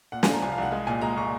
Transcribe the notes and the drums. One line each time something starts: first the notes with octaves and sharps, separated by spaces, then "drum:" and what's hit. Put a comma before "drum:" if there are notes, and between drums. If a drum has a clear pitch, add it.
A#2 F#5
G#5, drum: snare
F3 A#5
C2 G#5
F5
C2 F#5
G#3
A#2 G#5
G#3 A#5
A#2 C#6